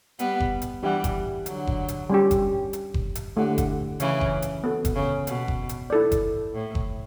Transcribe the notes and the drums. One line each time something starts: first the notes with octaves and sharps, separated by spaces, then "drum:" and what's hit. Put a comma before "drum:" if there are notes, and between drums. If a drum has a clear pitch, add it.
G3 B3, drum: hi-hat
drum: kick F#1
drum: hi-hat
E3 G3 D4 G4 D5 F#5
drum: kick F#1, hi-hat
D3 F#3, drum: hi-hat
drum: kick F#1
drum: hi-hat
G3 C#4 G4
drum: kick F#1, hi-hat
drum: hi-hat
drum: kick F#1
drum: hi-hat
D3 A3 E4 G4 C#5 F#5
drum: kick F#1, hi-hat
C#3 E3, drum: hi-hat
drum: kick F#1
drum: hi-hat
B3 F#4 A4
drum: kick F#1, hi-hat
C#3
B2, drum: hi-hat
drum: kick F#1
drum: hi-hat
E4 A4 D5
drum: kick F#1, hi-hat
A2
drum: kick F#1